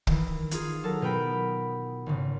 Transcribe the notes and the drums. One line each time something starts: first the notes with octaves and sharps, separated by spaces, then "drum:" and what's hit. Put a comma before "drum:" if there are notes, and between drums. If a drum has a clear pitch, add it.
D#3 E3, drum: kick
D#4 F4 G#4, drum: hi-hat
F#3 A4 A#4 A5 A#6
B2 B3 A#4 G5 B5
G#1 C#3